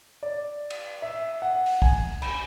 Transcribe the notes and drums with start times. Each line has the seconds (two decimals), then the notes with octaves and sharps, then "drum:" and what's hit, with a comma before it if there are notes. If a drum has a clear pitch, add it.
0.23 D5
0.70 drum: cymbal
1.02 E5
1.42 F#5
1.66 drum: open hi-hat
1.82 G#5, drum: kick
2.22 B5, drum: cymbal